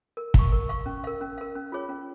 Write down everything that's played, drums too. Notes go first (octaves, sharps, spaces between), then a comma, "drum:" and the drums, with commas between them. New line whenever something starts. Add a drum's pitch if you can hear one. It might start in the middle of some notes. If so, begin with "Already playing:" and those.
A#4
F5 C#6, drum: kick
A#4
F5 C#6
C#4
A#4 F5
C#4
A#4 F5
C#4
F4 G#4 C#5
C#4